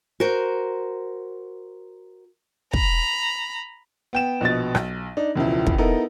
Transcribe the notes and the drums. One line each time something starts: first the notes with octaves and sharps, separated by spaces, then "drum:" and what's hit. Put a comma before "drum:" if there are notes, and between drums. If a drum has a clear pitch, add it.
F#4 A#4 C5
A#5 B5, drum: kick
B3 G5 E7
A#1 B2 D#5 A6
B1, drum: rim click
D4 D#4
E1 C#2 F3 E4
drum: kick
B3 D#4 E4 A4 A#4